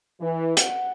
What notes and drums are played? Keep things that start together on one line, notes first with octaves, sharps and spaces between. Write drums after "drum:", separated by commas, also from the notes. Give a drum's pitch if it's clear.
E3
F#5, drum: hi-hat